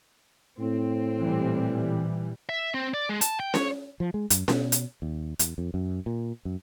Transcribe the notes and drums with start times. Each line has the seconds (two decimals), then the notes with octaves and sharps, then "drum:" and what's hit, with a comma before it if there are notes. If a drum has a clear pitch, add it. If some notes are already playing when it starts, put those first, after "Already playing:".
0.59 A2 C4
1.21 A#2 E3 G3
2.49 E5
2.74 C4
2.94 D5
3.09 G#3
3.21 A5, drum: hi-hat
3.40 G5
3.54 C#5, drum: snare C#4
4.00 F3
4.14 G#3
4.30 F#2, drum: hi-hat
4.48 B2, drum: snare C#4
4.72 drum: hi-hat
5.02 D#2
5.39 E2, drum: hi-hat
5.58 F2
5.74 F#2
6.06 A#2
6.45 F#2